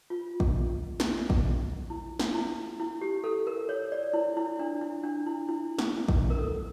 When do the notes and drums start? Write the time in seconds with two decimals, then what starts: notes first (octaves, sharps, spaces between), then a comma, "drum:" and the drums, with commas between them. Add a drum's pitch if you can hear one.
0.10 F4
0.40 drum: kick A1
1.00 drum: snare
1.30 drum: kick A1
1.90 E4
2.20 drum: snare
2.34 E4
2.80 E4
3.01 G4
3.24 A4
3.47 A#4
3.69 C#5
3.92 D5
4.13 E4
4.37 E4
4.59 D4
4.81 E4
5.04 D4
5.26 E4
5.49 E4
5.79 drum: snare
6.08 drum: kick A1
6.30 A#4
6.39 A4